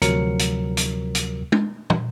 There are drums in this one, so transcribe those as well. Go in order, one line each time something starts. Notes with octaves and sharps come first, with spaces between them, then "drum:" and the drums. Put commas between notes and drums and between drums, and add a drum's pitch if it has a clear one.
D2 C3 F3 F#3 A#4 C#7, drum: hi-hat
drum: hi-hat
drum: hi-hat
drum: hi-hat
drum: tom
drum: tom